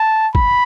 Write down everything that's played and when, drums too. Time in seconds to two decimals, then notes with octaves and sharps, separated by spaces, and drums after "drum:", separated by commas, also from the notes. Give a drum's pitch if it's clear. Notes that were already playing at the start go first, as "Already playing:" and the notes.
Already playing: A5
0.35 B5, drum: kick